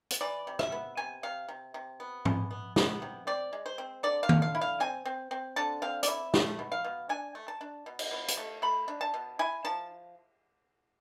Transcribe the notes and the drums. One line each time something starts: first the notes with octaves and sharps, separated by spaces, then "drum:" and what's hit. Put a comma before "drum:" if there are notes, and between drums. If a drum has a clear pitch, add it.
drum: hi-hat
E3 D5
C3
E5, drum: rim click
B3
C3 G#5
C3 F5
C3
C3
B3
E3, drum: tom G#2
B3
B3, drum: snare
C3
C4 D5
G#3
C5
C4
D3 D5
F5
D3, drum: tom D#3
F5
E4
F5
C4 G#5
C4
C4
D3 A5
C4 F5
D5, drum: hi-hat
E4 E5
A3, drum: snare
B2
F5
B2
D4 G#5
A3
A5
D4
B2
drum: cymbal
B2
drum: hi-hat
A3
A3 B5
D4
A5
B2
E4 G#5
F3 A5